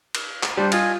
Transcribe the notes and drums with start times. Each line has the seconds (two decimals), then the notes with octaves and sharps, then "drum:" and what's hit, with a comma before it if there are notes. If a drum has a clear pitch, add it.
0.15 drum: cymbal
0.43 drum: clap
0.57 G3 D4 C5
0.72 F4 D#5 G#5, drum: cymbal